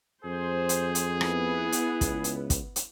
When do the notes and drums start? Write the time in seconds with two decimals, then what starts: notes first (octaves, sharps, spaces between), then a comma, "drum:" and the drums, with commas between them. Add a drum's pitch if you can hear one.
0.25 F2 G#4 C5
0.69 drum: hi-hat
0.95 drum: hi-hat
1.21 B3 E4, drum: rim click
1.72 drum: hi-hat
2.01 C#2, drum: kick, hi-hat
2.24 drum: hi-hat
2.50 drum: kick, hi-hat
2.76 drum: hi-hat